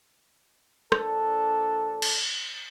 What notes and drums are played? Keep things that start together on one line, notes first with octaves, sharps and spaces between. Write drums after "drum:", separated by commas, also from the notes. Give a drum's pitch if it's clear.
A#1 D4 A4, drum: rim click
drum: cymbal